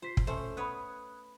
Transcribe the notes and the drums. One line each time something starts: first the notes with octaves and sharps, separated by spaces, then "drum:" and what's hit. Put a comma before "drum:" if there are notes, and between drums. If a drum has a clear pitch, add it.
F4 C5 B6 C7
drum: kick
A3 C#4 A4 C5
B3 B4 C#5 B5 D#6 F#6